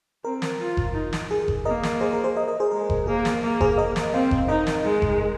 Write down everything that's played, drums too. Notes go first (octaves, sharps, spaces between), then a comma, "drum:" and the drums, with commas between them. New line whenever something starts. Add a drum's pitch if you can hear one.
C4 A#4
drum: snare
F4
drum: kick F#1
D#4
drum: snare
G#4
drum: kick F#1
A#3 A#4 D#5
drum: snare
G#4 C5
A#4
G#4 C5
A#4 D#5
A#4 D#5
G#4 C5
G#3 A#4
drum: kick F#1
A#3 G#4
drum: snare
A#3
G#4 C5, drum: kick F#1
A#4 D#5
drum: snare
C4 C5 F5
drum: kick F#1
D#4 A#4 D#5
drum: snare
G#3
drum: kick F#1